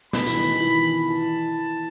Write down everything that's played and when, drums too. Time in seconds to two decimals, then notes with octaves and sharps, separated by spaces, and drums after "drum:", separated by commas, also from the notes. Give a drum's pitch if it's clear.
0.13 B2 B3 B5, drum: snare
0.27 E3, drum: tambourine
0.38 D#3
0.60 E3
1.08 E3 A5